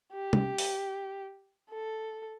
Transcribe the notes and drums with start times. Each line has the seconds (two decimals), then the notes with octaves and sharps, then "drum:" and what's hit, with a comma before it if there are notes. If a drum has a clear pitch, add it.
0.13 G4
0.33 drum: tom
0.58 drum: open hi-hat
1.71 A4